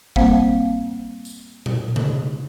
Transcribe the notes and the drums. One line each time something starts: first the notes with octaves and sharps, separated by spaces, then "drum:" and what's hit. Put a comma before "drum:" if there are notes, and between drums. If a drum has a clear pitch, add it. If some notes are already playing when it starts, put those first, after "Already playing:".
G3 A#3 C4 C5 F5 F#5, drum: kick G1
drum: tambourine
drum: tom A#2
drum: tom C3